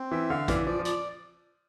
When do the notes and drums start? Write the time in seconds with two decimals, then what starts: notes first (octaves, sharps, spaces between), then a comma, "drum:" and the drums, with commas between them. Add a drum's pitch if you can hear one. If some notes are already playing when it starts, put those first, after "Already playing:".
Already playing: C4
0.11 E3 E5
0.30 D3 F5
0.48 E3 D5, drum: kick, hi-hat
0.66 F3 D5
0.79 F3
0.85 D5, drum: hi-hat